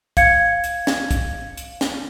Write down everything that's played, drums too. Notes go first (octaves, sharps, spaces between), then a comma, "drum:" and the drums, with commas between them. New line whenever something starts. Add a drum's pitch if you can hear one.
F5 G#6 C#7, drum: kick, hi-hat
drum: hi-hat
drum: snare
drum: kick, hi-hat
drum: hi-hat
drum: snare